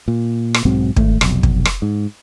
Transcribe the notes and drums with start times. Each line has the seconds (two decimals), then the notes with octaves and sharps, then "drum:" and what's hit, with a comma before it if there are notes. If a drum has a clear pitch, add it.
0.08 A#2
0.54 drum: rim click
0.65 B1 G#2 F#3 C4
0.96 G#1 A3, drum: kick
1.21 F1 B1, drum: rim click
1.43 drum: kick
1.65 drum: rim click
1.82 G#2